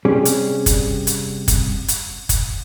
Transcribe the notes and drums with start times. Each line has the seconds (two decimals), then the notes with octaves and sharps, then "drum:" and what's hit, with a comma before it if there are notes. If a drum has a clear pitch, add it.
0.05 C3 G3 C#4 G4 G#4 D5
0.25 drum: hi-hat
0.66 drum: kick, hi-hat
1.07 drum: hi-hat
1.48 drum: kick, hi-hat
1.88 drum: hi-hat
2.29 drum: kick, hi-hat